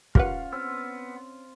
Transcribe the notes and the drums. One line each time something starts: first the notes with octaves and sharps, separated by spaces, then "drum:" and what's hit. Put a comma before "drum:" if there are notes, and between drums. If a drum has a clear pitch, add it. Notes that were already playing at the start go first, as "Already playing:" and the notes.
C#4 F4 G4 A#4 B4 F5 F#5, drum: kick
B3 C4 E6 F6